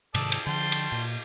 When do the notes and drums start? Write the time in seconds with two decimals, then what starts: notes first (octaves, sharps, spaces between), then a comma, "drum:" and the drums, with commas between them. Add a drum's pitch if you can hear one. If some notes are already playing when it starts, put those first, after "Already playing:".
0.15 G#2 C3 D#3 A4 D5 D#5, drum: cymbal
0.32 drum: cymbal
0.47 D3 F3 G5 A5 C6
0.72 drum: cymbal
0.92 A#2